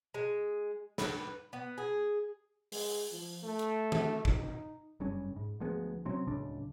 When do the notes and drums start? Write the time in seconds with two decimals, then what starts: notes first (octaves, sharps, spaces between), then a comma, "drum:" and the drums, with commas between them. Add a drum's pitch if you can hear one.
0.14 G#3
0.98 B4, drum: snare
1.53 B3
1.78 G#4
2.72 G#3, drum: open hi-hat
3.11 F3
3.43 A3
3.59 drum: hi-hat
3.92 drum: tom D#3
4.25 D#4, drum: kick
5.00 F#1 G2 C#4
5.36 G#2
5.60 D2 F3 G#3 B3
6.05 C3 F#3 C4 C#4
6.27 D1 C#2 C#3 D4